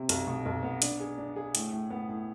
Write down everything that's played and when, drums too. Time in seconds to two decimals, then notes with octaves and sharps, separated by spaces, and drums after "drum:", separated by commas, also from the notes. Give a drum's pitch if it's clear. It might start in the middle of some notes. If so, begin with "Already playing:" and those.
Already playing: C3
0.09 B1, drum: hi-hat
0.27 B2
0.46 B1
0.63 B3
0.82 D4, drum: hi-hat
1.00 G#4
1.18 D4
1.36 G#4
1.55 A2, drum: hi-hat
1.72 A2
1.90 B3
2.09 A2